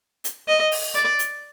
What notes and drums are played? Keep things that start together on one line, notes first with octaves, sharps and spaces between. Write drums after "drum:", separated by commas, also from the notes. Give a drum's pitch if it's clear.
drum: hi-hat
D#5
drum: open hi-hat
D5
drum: hi-hat